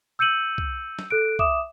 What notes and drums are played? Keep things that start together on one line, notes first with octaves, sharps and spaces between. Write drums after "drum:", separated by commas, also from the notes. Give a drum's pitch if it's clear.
E6 G6 C#7 D#7 F#7
drum: kick
drum: snare
A4 F#6 D7
E5 D6 D#6 E7, drum: kick